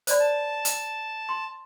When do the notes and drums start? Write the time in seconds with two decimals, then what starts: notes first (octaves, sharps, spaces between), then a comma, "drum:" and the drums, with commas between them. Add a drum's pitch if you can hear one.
0.07 C5 D5 B5, drum: hi-hat
0.20 A5
0.65 drum: hi-hat
1.29 C6